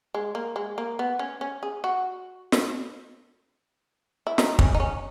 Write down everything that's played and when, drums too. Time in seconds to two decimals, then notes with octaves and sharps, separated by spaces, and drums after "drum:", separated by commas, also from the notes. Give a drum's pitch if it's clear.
0.14 G#3
0.35 A#3
0.56 G#3
0.78 A#3
0.99 B3
1.19 C#4
1.41 C#4
1.63 G#4
1.84 F#4
2.52 drum: snare
4.27 E4
4.38 D#4, drum: snare
4.59 C#4, drum: kick
4.74 D#4
4.80 C#4